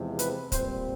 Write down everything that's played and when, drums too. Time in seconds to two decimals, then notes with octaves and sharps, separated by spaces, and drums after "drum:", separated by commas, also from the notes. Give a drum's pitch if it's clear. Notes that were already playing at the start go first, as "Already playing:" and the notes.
Already playing: E2 C3 F3 G#3
0.19 B4, drum: hi-hat
0.52 A#2 G3 C4 C5, drum: kick, hi-hat